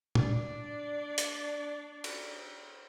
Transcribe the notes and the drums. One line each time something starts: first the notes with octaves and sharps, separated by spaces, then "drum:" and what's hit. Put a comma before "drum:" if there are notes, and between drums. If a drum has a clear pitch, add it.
D4 D5, drum: tom
drum: hi-hat
drum: cymbal